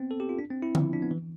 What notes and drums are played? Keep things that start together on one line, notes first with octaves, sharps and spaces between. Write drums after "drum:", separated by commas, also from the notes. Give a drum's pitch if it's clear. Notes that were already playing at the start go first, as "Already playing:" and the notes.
Already playing: B3 C4
A4
G4
F4
D4
C4
E4
F3, drum: tom D3
D4
B3
E3